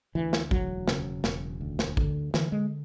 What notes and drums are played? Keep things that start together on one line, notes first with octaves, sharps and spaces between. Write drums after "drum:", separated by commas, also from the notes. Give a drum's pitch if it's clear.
D2 E3
drum: snare
E1 F#3, drum: kick A1
C#3, drum: snare
E1, drum: snare
D2
drum: snare
D3, drum: kick A1
D3 E3, drum: snare
G#3